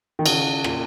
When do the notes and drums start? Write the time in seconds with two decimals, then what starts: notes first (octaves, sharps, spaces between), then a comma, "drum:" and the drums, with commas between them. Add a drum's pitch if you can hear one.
0.19 D#3
0.26 C#3 F#4, drum: cymbal
0.64 A#2, drum: rim click